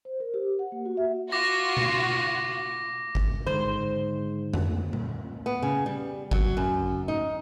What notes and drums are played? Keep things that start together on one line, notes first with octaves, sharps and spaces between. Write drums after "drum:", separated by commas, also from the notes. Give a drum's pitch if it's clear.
C5
A#4
G4
F#5
A#3
F#4
E5
F4 F#4 D6 A#6
drum: tom B2
drum: kick G#1
G#2 D3 D#3 C5
drum: tom F2
drum: tom A#2
B3
C#3
G3
F#3, drum: kick G#1
F#2
D#4